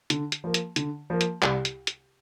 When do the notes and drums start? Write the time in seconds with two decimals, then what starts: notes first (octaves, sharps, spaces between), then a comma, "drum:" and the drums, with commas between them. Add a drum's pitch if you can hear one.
0.10 D3, drum: hi-hat
0.32 drum: hi-hat
0.44 F3 A#3
0.54 drum: hi-hat
0.76 D3, drum: hi-hat
1.10 F3 A#3
1.21 drum: hi-hat
1.42 C2, drum: clap
1.65 drum: hi-hat
1.87 drum: hi-hat